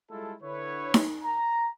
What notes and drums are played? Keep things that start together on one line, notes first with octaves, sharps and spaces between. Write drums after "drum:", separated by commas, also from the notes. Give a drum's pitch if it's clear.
G3 G#3 E4 F4 A4
D3 E4 B4 C#5
drum: snare D#4
A#5